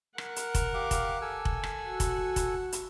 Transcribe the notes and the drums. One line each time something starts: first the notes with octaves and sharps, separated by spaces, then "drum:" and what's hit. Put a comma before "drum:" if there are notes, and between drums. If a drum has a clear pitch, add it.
A#4 F#5, drum: rim click
drum: hi-hat
drum: kick F1, hi-hat
G4 F5 D6
drum: kick F1, hi-hat
A4 G#5 E6
drum: kick F1
drum: rim click
F#4 F#5
drum: kick F1, hi-hat
drum: kick F1, hi-hat
drum: hi-hat